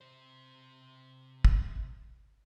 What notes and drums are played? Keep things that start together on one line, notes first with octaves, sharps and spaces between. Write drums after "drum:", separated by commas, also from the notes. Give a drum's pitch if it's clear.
C3 C5
drum: kick